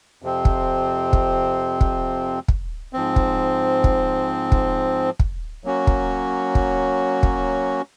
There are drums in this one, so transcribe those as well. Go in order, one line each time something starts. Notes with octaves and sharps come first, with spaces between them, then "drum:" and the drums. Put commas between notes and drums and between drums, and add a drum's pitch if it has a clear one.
F2 C3 F3 C4
drum: kick
drum: kick
drum: kick
drum: kick
G#2 F3 C4
drum: kick
drum: kick
drum: kick
drum: kick
F#3 A#3 C#4 F#4
drum: kick
drum: kick
drum: kick